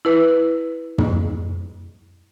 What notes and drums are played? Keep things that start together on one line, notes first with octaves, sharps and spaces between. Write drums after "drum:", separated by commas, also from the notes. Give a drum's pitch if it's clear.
E4 B4
drum: tom